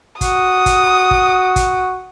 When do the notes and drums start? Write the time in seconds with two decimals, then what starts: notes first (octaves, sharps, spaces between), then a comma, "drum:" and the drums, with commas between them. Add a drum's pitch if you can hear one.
0.21 F#4 D#6, drum: kick, hi-hat
0.66 drum: kick, hi-hat
1.11 drum: kick
1.56 drum: kick, hi-hat